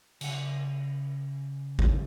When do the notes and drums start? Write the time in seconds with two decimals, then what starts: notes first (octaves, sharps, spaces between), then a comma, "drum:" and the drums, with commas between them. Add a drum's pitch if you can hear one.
0.21 C#3 F#5, drum: cymbal
1.79 drum: kick